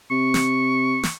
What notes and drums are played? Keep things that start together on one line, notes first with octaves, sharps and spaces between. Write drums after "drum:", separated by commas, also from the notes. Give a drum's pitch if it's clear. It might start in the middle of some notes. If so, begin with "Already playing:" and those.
C3 C#6
drum: snare
drum: snare